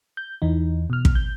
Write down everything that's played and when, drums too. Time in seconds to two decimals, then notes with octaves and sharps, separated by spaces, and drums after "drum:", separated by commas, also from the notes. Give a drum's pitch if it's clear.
0.17 G6
0.42 E2 E3 D#4
0.90 B2 F6
1.05 drum: kick
1.15 G6